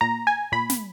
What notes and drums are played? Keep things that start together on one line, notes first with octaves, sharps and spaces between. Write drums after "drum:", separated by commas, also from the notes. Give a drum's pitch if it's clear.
A#2 A#5
G#5
A#2 B5
drum: snare